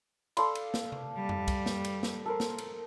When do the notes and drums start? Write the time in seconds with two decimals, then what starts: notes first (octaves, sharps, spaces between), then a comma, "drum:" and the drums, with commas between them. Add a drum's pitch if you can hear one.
0.37 A4 D5 F5 B5 C6, drum: cymbal
0.55 drum: cymbal
0.74 drum: snare
0.92 drum: tom C3
1.17 G3
1.29 drum: tom F2
1.48 drum: kick C2, cymbal
1.66 drum: snare
1.85 drum: cymbal
2.03 drum: snare
2.26 A4 A#4 C5
2.40 drum: snare
2.58 drum: cymbal